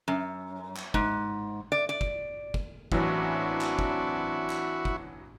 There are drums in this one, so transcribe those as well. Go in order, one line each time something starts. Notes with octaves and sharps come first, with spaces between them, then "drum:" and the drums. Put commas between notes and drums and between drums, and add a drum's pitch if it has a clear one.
F#2
drum: clap
G#2, drum: kick
D5
D5
drum: kick
drum: kick
A1 E3 F#3 C4 D4 E4 F#4, drum: kick
drum: clap
drum: kick
drum: clap
drum: kick